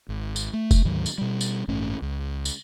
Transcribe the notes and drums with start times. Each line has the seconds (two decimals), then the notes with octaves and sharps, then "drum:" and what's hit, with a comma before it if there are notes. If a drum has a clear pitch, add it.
0.09 G#1
0.36 drum: tambourine
0.53 A3
0.71 drum: kick F1, tambourine
0.84 D2 G#2 D#3 F#3
1.06 drum: tambourine
1.18 B2 G3
1.41 drum: tambourine
1.68 A1 G2 A3 C#4
2.02 C#2
2.45 drum: tambourine